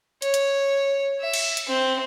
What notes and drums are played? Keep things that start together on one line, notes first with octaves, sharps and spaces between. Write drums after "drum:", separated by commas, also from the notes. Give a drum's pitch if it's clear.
C#5, drum: hi-hat
drum: hi-hat
E5
drum: cymbal
drum: hi-hat
C4